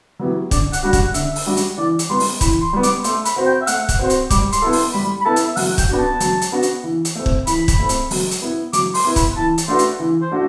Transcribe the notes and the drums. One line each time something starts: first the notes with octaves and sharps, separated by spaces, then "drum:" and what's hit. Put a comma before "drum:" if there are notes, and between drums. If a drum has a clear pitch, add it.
F#3 B3 E4 G4
D3 D5, drum: kick, hi-hat
F#5, drum: hi-hat
G3 D4 F#4
F#5, drum: kick, hi-hat
D3 E5, drum: hi-hat
drum: open hi-hat
G3 D4 F#4
drum: hi-hat
E3 D5
drum: hi-hat
G3 B3 C6
drum: open hi-hat
E3 B5, drum: kick, hi-hat
C6
G3 B3
D6, drum: hi-hat
A3 C6, drum: hi-hat
B5, drum: hi-hat
C4 F#4 C5
G5
E5
A3 F#5, drum: hi-hat
drum: kick, hi-hat
C4 F#4 C5
drum: hi-hat
G3 D6, drum: kick, hi-hat
C6, drum: hi-hat
B3 E4 A4
C6, drum: open hi-hat
G3 B5
B5
B3 E4 A4 A5
drum: hi-hat
E5
F#3 F#5, drum: open hi-hat
G5, drum: kick, hi-hat
B3 D4 F#4
A5
F#3, drum: hi-hat
drum: hi-hat
B3 D4 F#4
drum: hi-hat
E3
drum: hi-hat
A3 C4
drum: kick
E3 B5, drum: hi-hat
drum: kick, hi-hat
A3 C4
drum: hi-hat
F#3, drum: open hi-hat
drum: hi-hat
B3 E4 B4
F#3 D6, drum: hi-hat
C6, drum: open hi-hat
B3 E4 B4
B5, drum: kick, hi-hat
E3 A5
drum: hi-hat
A3 D4 F#4 B4 C6
drum: hi-hat
E3
C5
A3 D4 F#4